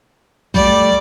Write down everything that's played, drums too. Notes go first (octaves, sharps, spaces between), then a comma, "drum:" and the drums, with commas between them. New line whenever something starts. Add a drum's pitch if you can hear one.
G3 A3 D5, drum: kick